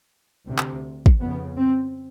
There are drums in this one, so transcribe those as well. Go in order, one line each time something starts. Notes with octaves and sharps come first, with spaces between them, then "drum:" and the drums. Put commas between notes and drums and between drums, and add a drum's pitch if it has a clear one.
D2 C3
drum: clap
drum: kick
F2 C#3 B3
C4